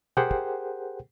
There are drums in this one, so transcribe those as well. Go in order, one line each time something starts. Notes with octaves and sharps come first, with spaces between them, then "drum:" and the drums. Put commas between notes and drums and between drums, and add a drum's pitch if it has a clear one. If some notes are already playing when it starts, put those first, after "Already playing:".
G4 G#4 A#4 C5 F#5 G5, drum: tom
drum: kick